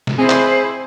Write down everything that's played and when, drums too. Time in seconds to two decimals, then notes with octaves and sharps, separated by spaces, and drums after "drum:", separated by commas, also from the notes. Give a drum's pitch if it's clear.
0.07 drum: snare
0.18 C4 E4 G#4 C5 D#5
0.30 drum: clap